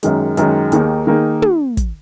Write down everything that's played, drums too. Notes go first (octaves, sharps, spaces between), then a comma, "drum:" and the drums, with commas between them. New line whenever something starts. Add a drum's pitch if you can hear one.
F#2 D#3 G#3, drum: hi-hat
F#2 D#3 G#3, drum: hi-hat
D#2 D#3 A#3 D#4 G#4, drum: hi-hat
D#3 A#3 D#4 G#4
drum: tom
drum: kick, hi-hat